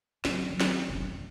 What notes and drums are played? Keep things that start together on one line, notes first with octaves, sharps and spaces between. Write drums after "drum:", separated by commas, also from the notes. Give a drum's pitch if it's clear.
D#3 F#3, drum: snare
D#3 F#3
drum: snare
F1 B1
E3